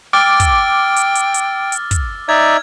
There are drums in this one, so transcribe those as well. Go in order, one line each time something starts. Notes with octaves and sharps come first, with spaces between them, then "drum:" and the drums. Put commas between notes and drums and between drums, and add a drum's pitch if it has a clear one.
G5 D6 E6 F6 A6
drum: kick, hi-hat
drum: hi-hat
drum: hi-hat
drum: hi-hat
drum: hi-hat
drum: kick, hi-hat
D#4 D5 E5 G#6